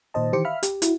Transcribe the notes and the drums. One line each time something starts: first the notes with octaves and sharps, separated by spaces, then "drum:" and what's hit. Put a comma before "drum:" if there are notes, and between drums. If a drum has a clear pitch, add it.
A#2 D#3 C5 D#5 A5
D#3 E3 G4 C5 D6 C#7
E5 F5 B5 F6
G4, drum: hi-hat
E4 F#4, drum: hi-hat